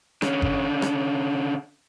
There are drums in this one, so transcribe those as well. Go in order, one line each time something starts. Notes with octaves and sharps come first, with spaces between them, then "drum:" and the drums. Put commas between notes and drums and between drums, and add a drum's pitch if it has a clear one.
D3 C#4, drum: rim click
drum: kick G1
drum: rim click